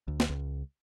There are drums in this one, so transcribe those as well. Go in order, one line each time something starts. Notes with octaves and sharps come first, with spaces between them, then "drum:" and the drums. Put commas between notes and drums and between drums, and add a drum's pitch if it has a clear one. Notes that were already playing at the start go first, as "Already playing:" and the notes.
D2
drum: snare
C#2